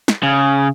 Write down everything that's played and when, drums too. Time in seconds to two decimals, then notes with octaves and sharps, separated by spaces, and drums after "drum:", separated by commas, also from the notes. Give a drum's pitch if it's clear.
0.08 drum: snare
0.23 C#3